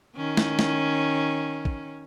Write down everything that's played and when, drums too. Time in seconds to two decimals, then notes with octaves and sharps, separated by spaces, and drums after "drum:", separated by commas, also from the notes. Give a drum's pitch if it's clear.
0.16 D#3 C#4
0.37 drum: snare
0.59 drum: snare
1.65 drum: kick